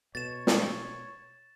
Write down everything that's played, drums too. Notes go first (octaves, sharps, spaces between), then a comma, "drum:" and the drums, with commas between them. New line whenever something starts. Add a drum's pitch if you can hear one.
B2 C#5 A6 E7
drum: snare